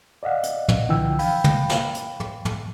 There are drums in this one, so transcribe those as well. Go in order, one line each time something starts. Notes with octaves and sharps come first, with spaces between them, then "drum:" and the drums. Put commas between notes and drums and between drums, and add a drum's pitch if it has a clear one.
D5 D#5 F5 F#5
drum: hi-hat
drum: tom
C2 D3 E3 F3 G5 E6
F5 G5 B5, drum: open hi-hat
drum: tom
drum: snare
drum: hi-hat
drum: tom
drum: tom